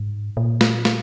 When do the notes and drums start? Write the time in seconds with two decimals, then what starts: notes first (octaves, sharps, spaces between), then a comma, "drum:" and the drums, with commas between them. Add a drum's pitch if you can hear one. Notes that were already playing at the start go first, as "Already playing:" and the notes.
Already playing: G#2
0.37 A#2
0.61 drum: snare
0.85 drum: snare